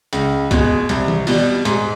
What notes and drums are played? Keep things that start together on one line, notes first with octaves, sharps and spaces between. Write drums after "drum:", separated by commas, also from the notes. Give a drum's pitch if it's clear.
C#2, drum: hi-hat
B2 G#3, drum: kick, hi-hat
C2, drum: hi-hat
drum: tom D#3
B2 G3, drum: open hi-hat
G#2, drum: hi-hat